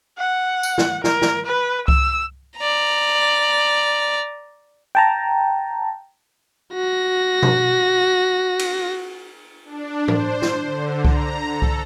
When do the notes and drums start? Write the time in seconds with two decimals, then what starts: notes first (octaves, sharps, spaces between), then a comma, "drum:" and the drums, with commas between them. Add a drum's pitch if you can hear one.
0.19 F#5
0.63 drum: tambourine
0.78 drum: snare
1.04 A#4, drum: snare
1.22 drum: snare
1.46 B4
1.88 E6, drum: kick C2
2.58 D5 A#5
4.95 G5 A5 A#5
6.74 F#4 A#6
7.42 drum: tom B2
8.59 drum: cymbal
9.65 D4
10.08 C5, drum: tom A2
10.42 drum: snare
10.63 D3
11.05 A#5, drum: kick C2
11.47 A4
11.62 drum: kick C2